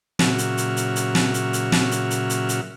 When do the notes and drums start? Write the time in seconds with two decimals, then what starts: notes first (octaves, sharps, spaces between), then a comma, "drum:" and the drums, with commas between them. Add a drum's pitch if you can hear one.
0.19 A#2 C#3 F#3 F#4 E5 F6, drum: snare
0.38 drum: hi-hat
0.57 drum: hi-hat
0.77 drum: hi-hat
0.96 drum: hi-hat
1.15 drum: snare
1.34 drum: hi-hat
1.53 drum: hi-hat
1.72 drum: snare
1.91 drum: hi-hat
2.10 drum: hi-hat
2.30 drum: hi-hat
2.49 drum: hi-hat